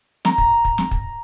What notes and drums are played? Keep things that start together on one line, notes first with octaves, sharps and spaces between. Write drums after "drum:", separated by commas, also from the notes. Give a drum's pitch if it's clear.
A#5, drum: snare
drum: kick
drum: kick
drum: snare
drum: kick